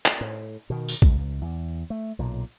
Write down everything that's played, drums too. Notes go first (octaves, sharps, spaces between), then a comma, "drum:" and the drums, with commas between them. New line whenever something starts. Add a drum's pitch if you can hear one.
drum: clap
A2
B2 D#3
drum: tambourine
C#2, drum: kick
E2
A3
B1 A#2